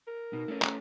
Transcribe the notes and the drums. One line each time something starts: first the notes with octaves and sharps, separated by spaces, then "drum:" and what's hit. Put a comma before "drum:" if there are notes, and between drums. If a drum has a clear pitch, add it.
A#4
B2 D#4
A3 C#4
A#5, drum: clap